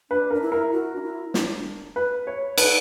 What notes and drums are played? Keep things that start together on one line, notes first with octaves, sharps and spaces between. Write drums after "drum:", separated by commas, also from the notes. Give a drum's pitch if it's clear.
D4 B4
D4 A#4
E4
A#4
F#4
D4
E4
D4, drum: snare
B4
C#5
B4, drum: cymbal